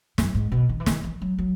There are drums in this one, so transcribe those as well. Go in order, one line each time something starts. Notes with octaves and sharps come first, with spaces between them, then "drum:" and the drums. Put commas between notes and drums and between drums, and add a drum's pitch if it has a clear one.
F#2, drum: snare
G#2
B2
D#3
E3
D#3, drum: snare
E3
F#3
F#3